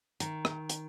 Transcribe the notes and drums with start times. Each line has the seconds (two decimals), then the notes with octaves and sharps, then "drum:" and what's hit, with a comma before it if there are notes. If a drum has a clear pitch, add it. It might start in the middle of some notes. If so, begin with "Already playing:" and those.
0.20 D#3, drum: hi-hat
0.45 drum: rim click
0.69 drum: hi-hat